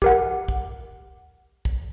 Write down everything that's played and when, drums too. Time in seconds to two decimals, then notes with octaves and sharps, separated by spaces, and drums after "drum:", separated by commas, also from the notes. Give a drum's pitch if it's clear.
0.02 G4 A#4 F#5, drum: kick
0.48 drum: kick
1.65 drum: kick